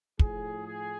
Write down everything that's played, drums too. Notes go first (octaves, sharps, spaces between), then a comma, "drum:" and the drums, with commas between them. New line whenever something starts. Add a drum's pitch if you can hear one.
A2 F3 G#4, drum: kick
G#4